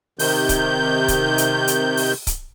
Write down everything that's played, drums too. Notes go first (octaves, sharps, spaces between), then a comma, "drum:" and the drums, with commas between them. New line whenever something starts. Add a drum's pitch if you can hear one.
C3 D#3 G6, drum: open hi-hat
drum: kick C#1, hi-hat
drum: kick C#1, hi-hat
drum: hi-hat
drum: hi-hat
drum: open hi-hat
drum: kick C#1, hi-hat